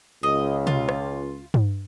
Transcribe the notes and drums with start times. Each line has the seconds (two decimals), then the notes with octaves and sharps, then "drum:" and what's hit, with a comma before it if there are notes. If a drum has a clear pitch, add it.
0.23 C#2 D#5
0.67 F4, drum: tom
0.89 drum: rim click
1.54 drum: tom G2